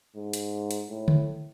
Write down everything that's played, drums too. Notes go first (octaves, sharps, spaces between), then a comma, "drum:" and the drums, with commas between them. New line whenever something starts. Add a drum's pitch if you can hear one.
G#2
drum: hi-hat
drum: hi-hat
A2
drum: tom D3